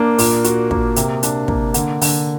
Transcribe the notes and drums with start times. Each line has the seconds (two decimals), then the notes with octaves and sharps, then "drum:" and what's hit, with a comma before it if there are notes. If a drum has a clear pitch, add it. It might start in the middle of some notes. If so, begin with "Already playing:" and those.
Already playing: A#3 D4
0.18 A#2, drum: open hi-hat
0.44 F#4, drum: hi-hat
0.71 A#3, drum: kick
0.96 C3, drum: hi-hat
1.23 D4, drum: hi-hat
1.48 A#3, drum: kick
1.74 D3, drum: hi-hat
2.01 D3, drum: open hi-hat